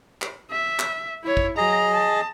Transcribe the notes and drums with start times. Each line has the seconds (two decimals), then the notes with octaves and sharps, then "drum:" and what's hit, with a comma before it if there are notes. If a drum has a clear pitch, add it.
0.22 drum: clap
0.50 E5
0.79 drum: clap
1.23 E4 C#5
1.37 drum: kick
1.57 F#3 G#4 D#5 A#5
1.94 A5